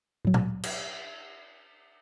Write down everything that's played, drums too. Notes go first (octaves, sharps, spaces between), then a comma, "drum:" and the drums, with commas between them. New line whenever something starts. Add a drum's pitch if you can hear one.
A2 F#3
drum: tom
drum: cymbal